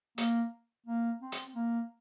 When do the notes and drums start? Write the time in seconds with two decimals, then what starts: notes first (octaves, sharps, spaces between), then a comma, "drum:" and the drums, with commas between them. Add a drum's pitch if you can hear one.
0.18 A#3, drum: hi-hat
0.86 A#3
1.21 C4
1.32 drum: hi-hat
1.55 A#3